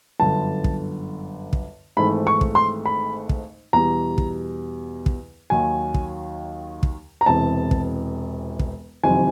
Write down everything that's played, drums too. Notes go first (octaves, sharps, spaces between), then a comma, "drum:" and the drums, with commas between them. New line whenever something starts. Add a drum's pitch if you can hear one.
G1 F#2 D3 A5
drum: kick
drum: kick
G#1 G#2 E3 A3 B5
C#6
drum: kick
C6
B5
drum: kick
E2 B2 G3 A#5
drum: kick
drum: kick
D#2 D#3 F#3 G#5
drum: kick
drum: kick
A#5
E1 E2 C3 A5
drum: kick
drum: kick
F#1 F2 C3 D#3 G3 G#5